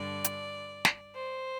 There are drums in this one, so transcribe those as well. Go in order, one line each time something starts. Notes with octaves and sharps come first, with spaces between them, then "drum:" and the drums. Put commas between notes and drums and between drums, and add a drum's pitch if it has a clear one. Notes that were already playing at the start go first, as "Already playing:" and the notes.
Already playing: G2 D3 D5
drum: hi-hat
drum: snare
C5